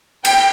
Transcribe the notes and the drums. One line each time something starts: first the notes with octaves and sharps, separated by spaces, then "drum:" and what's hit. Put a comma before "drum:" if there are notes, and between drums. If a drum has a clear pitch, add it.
G5, drum: cymbal